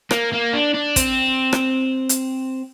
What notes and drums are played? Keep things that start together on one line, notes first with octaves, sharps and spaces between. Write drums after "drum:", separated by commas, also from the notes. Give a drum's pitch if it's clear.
A#3, drum: rim click
A#3
D4
D4
C4, drum: kick, hi-hat
drum: rim click
drum: hi-hat